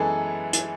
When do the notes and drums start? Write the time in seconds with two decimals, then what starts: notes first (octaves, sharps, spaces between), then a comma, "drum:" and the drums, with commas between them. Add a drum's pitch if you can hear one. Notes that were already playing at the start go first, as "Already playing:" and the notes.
Already playing: F#2 E3 G#3 B3 E4 G#4 A4
0.53 drum: hi-hat